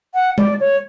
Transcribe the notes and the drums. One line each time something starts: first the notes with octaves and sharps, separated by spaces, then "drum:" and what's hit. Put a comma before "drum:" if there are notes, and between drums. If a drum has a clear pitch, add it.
F#5
D5, drum: tom
C#5